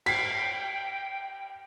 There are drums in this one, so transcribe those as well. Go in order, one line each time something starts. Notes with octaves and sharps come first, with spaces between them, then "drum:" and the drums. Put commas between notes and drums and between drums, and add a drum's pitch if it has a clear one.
G5 B6 C7, drum: cymbal